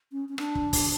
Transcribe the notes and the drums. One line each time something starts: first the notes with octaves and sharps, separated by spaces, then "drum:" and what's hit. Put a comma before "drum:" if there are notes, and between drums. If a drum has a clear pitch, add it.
C#4
C#4
D4, drum: rim click
drum: kick
drum: kick, open hi-hat